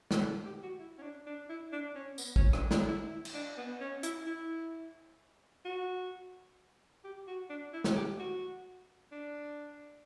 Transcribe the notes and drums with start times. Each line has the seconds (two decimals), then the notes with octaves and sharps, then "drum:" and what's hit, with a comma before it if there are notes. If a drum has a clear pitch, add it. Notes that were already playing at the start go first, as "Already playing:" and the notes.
0.11 D4, drum: snare
0.45 G4
0.63 F#4
0.79 E4
0.98 C#4
1.02 D4
1.26 D4
1.49 E4
1.72 D4
1.95 C#4
2.18 B3, drum: tambourine
2.36 C#4, drum: kick
2.53 D4, drum: rim click
2.71 D4, drum: snare
2.88 E4
3.11 E4
3.25 drum: cymbal
3.34 D4
3.58 B3
3.80 C#4
4.03 E4, drum: hi-hat
4.27 E4
5.65 F#4
7.04 G4
7.27 F#4
7.50 D4
7.73 E4
7.84 drum: snare
7.96 G4
8.19 F#4
9.12 D4